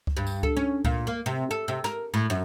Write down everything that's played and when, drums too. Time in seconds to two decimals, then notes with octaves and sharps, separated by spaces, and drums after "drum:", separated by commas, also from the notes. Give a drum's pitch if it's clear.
0.07 drum: kick C#2
0.17 G2
0.27 drum: tambourine
0.43 A4, drum: kick C#2
0.57 C#4
0.85 A#2, drum: kick C#2
1.07 A#3
1.26 C3
1.51 A4
1.68 C3
1.84 A#4, drum: snare
2.14 A2
2.30 F#2